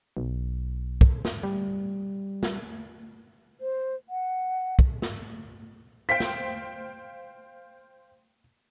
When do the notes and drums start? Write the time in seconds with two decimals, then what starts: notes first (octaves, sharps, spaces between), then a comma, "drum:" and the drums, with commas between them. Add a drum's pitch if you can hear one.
0.17 B1
1.01 drum: kick
1.25 drum: snare
1.43 G3
2.43 drum: snare
3.61 C5
4.09 F#5
4.79 drum: kick
5.02 drum: snare
6.09 C5 F5 G5 B6
6.20 drum: snare